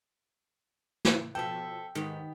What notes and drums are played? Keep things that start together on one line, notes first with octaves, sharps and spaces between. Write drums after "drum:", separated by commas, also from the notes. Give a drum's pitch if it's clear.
drum: snare
B2 F3 A4 E5 G5
G#2 D#3 B3 G4